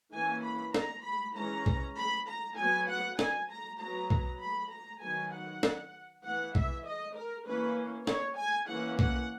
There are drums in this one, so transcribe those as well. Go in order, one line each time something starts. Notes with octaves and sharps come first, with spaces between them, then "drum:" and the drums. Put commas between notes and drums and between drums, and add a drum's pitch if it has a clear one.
E3 A#3 C#4 G#5
B5
A#5, drum: snare
B5
E3 G#3 C#4 A#5
drum: kick B1
B5
A#5
F#3 B3 G#5
F#5
G#5, drum: snare
A#5
F#3 B3 A#5
drum: kick B1
B5
A#5
D#3 F#3 B3 G#5
F#5
drum: snare
E3 B3 F#5
E5, drum: kick B1
D#5
A#4
E3 A#3 C#4 B4
C#5, drum: snare
G#5
E3 A#3 C#4 F#5
F#5, drum: kick B1